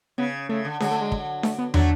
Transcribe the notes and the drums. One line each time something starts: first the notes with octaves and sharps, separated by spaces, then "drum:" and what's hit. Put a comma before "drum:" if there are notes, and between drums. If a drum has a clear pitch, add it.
C#3 B3
C#3 A3
D3
D3 F#3 G#3, drum: snare D4
A3
G#3
drum: kick
A3, drum: snare D4
B3
F#3 A3 D4, drum: tom